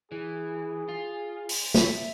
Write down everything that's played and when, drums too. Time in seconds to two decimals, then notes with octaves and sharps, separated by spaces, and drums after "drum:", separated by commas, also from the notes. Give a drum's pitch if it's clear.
0.12 E3 G#4
0.89 F4
1.49 drum: open hi-hat
1.74 E5, drum: snare